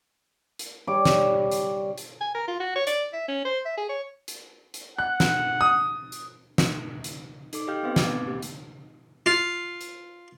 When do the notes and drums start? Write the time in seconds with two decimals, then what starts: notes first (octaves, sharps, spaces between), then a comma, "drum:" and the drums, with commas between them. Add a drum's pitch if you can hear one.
0.59 drum: hi-hat
0.87 G3 C#5 D6
1.05 drum: snare
1.52 drum: hi-hat
1.98 drum: hi-hat
2.20 G#5
2.34 A#4
2.47 F4
2.60 F#4
2.75 C#5
2.87 D5, drum: hi-hat
3.13 E5
3.28 C#4
3.44 C5
3.65 E5
3.77 G#4
3.89 C#5
4.28 drum: hi-hat
4.74 drum: hi-hat
4.98 F#5 F#6
5.20 drum: snare
5.61 D#6
6.12 drum: hi-hat
6.58 drum: snare
7.04 drum: hi-hat
7.53 D#4 A4 D6, drum: hi-hat
7.68 G4 D#5 F5 G5 F6 G6
7.83 B3 C4 B4 F5
7.96 D6 G#6 A6, drum: snare
8.14 C4
8.27 A#3 G4
8.42 drum: hi-hat
9.26 F4
9.81 drum: hi-hat